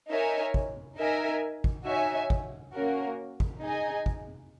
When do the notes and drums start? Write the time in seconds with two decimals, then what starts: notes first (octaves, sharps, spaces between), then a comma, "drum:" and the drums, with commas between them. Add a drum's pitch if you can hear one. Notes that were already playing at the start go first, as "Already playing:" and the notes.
0.10 D#4 A#4 C#5 E5 G#5
0.54 drum: kick
0.98 D#4 A#4 E5 G#5
1.64 drum: kick
1.86 D#4 F#4 C#5 E5 G#5
2.30 drum: kick
2.74 A#3 C#4 F#4 A#4
3.40 drum: kick
3.63 D#4 G#4 D#5 G#5
4.06 drum: kick